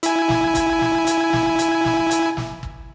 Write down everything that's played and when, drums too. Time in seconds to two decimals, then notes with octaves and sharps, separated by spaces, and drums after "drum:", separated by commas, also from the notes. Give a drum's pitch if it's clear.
0.03 E4 G#5, drum: hi-hat
0.29 drum: snare
0.55 drum: kick, hi-hat
0.81 drum: snare
1.07 drum: hi-hat
1.33 drum: snare
1.59 drum: hi-hat
1.85 drum: snare
2.11 drum: hi-hat
2.37 drum: snare
2.63 drum: kick